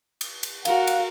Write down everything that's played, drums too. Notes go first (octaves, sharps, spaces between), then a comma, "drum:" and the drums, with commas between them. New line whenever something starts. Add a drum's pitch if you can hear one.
drum: cymbal
drum: cymbal
F#4 A#4 F5 F#5, drum: cymbal
drum: cymbal